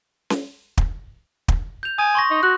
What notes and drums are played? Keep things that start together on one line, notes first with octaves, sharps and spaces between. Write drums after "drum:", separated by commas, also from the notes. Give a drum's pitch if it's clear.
drum: snare C#4
drum: kick
drum: kick
G6 F7
G#5 D#6
C6 C#6 A#6
D#4
F#4 F#6